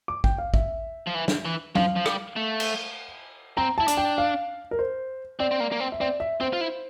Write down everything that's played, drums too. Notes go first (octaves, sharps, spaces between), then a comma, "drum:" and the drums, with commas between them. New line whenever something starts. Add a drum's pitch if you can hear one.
D6
G5, drum: kick A1
F5
E5, drum: kick A1
F3
E3
drum: snare
E3
F3 F5, drum: tom F#3
F3
G3, drum: rim click
A3
drum: cymbal
C4 A#5
E4 A5
D4, drum: hi-hat
G5
F5
A#4
C5
C4 D5
C4
A#3
A#3
C4
E5
C4 D5
E5
C4 C5
F4
E4